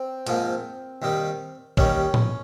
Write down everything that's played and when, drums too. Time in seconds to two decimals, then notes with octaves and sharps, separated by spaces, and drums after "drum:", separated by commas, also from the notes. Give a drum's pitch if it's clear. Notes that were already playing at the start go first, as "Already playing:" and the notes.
Already playing: C4
0.27 G#2 F3 A#3, drum: hi-hat
1.02 D#2 D#3 G3
1.77 D#2 D#3 G3 C#4, drum: kick
2.14 drum: tom A2